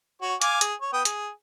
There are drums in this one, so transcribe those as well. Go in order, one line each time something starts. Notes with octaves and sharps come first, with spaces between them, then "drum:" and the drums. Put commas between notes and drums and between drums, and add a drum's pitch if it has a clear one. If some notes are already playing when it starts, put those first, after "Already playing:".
F#4 C#5
F5 G#5 D6, drum: hi-hat
G#4, drum: hi-hat
C#5
B3 G5 D#6
G#4, drum: hi-hat